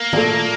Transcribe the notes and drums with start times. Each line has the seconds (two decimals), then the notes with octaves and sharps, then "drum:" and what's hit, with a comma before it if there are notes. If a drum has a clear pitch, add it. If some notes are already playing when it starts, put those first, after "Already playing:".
Already playing: A#3
0.13 A#2 F3 A3, drum: tom